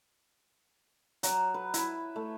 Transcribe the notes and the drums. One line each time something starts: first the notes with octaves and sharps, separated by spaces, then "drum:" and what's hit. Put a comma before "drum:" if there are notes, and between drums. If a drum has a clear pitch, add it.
F#3, drum: hi-hat
B4
E4, drum: hi-hat
A3